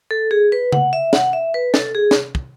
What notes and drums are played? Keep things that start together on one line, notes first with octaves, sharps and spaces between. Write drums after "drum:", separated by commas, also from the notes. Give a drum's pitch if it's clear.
A4
G#4
B4
F#5, drum: tom C#3
E5
F#5, drum: snare
E5
B4
A4, drum: snare
G#4
drum: snare
drum: kick